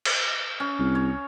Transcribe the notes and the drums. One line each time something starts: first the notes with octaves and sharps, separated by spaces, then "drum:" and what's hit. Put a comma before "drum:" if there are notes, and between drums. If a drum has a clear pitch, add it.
drum: cymbal
C#4
C2
C#5